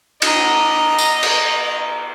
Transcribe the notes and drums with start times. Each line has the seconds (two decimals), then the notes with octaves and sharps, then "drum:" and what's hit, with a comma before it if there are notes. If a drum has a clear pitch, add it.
0.22 D#5 A#5, drum: cymbal
0.98 drum: tambourine
1.23 drum: cymbal